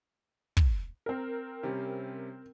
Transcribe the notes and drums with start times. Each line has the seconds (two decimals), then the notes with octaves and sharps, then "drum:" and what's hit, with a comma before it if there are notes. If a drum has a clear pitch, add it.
0.57 drum: kick
1.06 C4 A#4
1.63 C3 G3 C#4